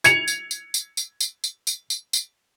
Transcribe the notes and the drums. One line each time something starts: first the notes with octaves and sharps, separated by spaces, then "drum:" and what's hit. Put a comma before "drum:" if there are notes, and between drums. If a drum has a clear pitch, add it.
G#6 C#7 F7, drum: tambourine
drum: tambourine
drum: tambourine
drum: tambourine
drum: tambourine
drum: tambourine
drum: tambourine
drum: tambourine
drum: tambourine
drum: tambourine